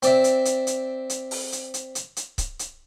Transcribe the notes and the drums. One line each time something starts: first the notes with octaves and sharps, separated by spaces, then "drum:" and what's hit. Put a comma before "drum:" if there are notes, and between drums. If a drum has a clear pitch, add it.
C4 D5 E5, drum: hi-hat
drum: hi-hat
drum: hi-hat
drum: hi-hat
drum: hi-hat
drum: open hi-hat
drum: hi-hat
drum: hi-hat
drum: hi-hat
drum: hi-hat
drum: kick C#1, hi-hat
drum: hi-hat